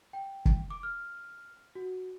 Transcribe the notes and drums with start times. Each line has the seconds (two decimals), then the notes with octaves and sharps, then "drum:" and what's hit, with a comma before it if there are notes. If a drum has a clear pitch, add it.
0.13 G5
0.45 drum: kick
0.70 D6
0.83 F6
1.75 F#4